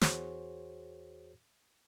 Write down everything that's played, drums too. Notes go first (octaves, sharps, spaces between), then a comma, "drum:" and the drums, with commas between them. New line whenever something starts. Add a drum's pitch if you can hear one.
E2 F#4 G#4 C5 C#5, drum: snare